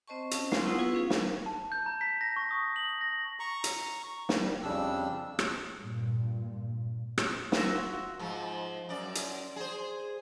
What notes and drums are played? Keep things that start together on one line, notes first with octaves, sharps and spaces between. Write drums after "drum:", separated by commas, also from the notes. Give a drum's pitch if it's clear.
C4 C5 D#5 A5 C#6
C#4 F5, drum: hi-hat
G#3 F4 C6 C#6, drum: snare
B3 E4 F#4 F#5 D#6 E6
F4 G#4 B4
C#4 G#4 F5
drum: snare
A5
G6
A#5
B6
A#6
C#6
D#6
F#7
A#6
A#5 C#6
drum: hi-hat
drum: snare
G3
F2 C#3 G3 D4 E6
drum: rim click
G2 A#2
drum: rim click
F4 F#4 E5, drum: snare
G#2 F3
F#2 D5
drum: hi-hat
G#4 C5